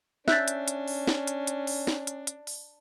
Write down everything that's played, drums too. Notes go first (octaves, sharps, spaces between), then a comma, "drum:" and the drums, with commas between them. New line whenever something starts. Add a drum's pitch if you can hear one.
C#4 D4 E5 F#6 G6 A6, drum: snare
drum: hi-hat
drum: hi-hat
drum: open hi-hat
drum: snare
drum: hi-hat
drum: hi-hat
drum: open hi-hat
drum: snare
drum: hi-hat
drum: hi-hat
drum: open hi-hat